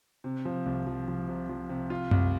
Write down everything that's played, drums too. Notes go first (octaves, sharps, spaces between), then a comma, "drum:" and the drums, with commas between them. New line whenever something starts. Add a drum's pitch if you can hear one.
C3
F3
C2
F3
F3
C3
F3
C3
F4
C2, drum: tom F#2